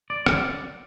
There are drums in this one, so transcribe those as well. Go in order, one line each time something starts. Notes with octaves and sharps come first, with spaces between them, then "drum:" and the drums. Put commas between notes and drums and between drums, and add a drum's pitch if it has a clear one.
D5
drum: rim click